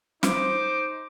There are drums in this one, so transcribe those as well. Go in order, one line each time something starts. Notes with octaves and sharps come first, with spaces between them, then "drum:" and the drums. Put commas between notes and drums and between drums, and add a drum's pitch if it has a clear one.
D#4 C5 D6, drum: snare